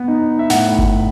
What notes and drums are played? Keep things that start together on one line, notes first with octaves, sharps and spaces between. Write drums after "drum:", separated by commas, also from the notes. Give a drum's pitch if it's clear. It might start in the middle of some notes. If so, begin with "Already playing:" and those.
Already playing: B3
D#4
E5
A2 F#5, drum: snare
drum: kick G1